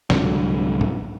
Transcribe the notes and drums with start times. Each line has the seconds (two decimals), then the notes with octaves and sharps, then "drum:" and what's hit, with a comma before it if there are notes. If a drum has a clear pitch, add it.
0.10 C2 G#2 D3 F#3, drum: snare
0.81 drum: tom G#2